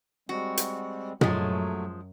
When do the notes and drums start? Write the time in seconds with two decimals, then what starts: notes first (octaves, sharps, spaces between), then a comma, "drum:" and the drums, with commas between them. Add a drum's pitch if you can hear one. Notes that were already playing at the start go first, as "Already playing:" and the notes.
0.29 G3 G#3 C4 F#4
0.58 drum: hi-hat
1.21 F#2 F3 F#3 G#3 A3, drum: tom A#2